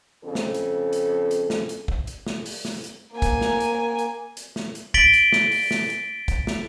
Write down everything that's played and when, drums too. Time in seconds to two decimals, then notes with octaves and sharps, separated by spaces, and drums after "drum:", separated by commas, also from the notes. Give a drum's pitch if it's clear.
0.24 F2 C#3 A4
0.35 drum: snare
0.54 drum: hi-hat
0.93 drum: hi-hat
1.31 drum: hi-hat
1.50 drum: snare
1.69 drum: hi-hat
1.88 drum: kick
2.07 drum: hi-hat
2.26 drum: snare
2.46 drum: open hi-hat
2.65 drum: snare
2.84 drum: hi-hat
3.13 A#3 G#5
3.22 drum: kick, hi-hat
3.41 drum: snare
3.60 drum: hi-hat
3.99 drum: hi-hat
4.37 drum: hi-hat
4.56 drum: snare
4.75 drum: hi-hat
4.94 A6 B6 D7 F#7 G7, drum: kick
5.13 drum: hi-hat
5.32 drum: snare
5.52 drum: open hi-hat
5.71 drum: snare
5.90 drum: hi-hat
6.28 drum: kick, hi-hat
6.47 drum: snare